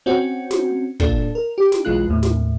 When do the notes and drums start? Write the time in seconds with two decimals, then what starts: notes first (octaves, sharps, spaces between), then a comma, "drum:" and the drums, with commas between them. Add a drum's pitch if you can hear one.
0.06 C4 C#4 F#4
0.51 drum: snare
1.00 A#2 D4 A4, drum: kick
1.35 A#4
1.58 G4
1.72 drum: snare
1.85 B1 E3 G#3 F4 F#6
2.07 D#2 A2
2.23 drum: snare